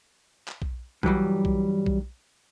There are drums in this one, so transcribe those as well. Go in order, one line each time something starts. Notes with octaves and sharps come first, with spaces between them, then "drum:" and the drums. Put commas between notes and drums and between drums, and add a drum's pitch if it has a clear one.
drum: clap
drum: kick B1
G2 E3 F#3 G3, drum: kick B1
drum: kick B1
drum: kick B1